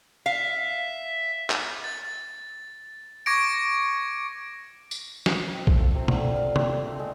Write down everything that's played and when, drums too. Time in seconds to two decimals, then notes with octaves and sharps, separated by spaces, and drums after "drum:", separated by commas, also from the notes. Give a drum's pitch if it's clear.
0.26 E5 F5
1.50 drum: clap
1.84 A6
3.26 C#6 D6 G#6 A#6 C#7 D7
4.91 drum: tambourine
5.26 drum: snare
5.54 C4
5.67 A3, drum: kick A#1
5.80 F4
5.95 C3
6.08 D3, drum: tom B2
6.24 A#2
6.36 F5
6.56 C4, drum: tom
6.69 G3
6.87 A3
6.99 G#3